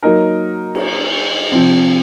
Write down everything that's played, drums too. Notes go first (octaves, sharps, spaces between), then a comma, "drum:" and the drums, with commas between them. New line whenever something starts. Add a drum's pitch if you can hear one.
F#3 A#3 D#4 A#4
drum: cymbal
C3 F3 C4